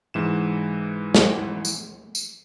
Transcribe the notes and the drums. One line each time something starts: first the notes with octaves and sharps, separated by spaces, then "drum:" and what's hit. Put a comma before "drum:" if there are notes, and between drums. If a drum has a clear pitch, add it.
G#2 E3 E7
drum: snare
drum: tambourine
drum: tambourine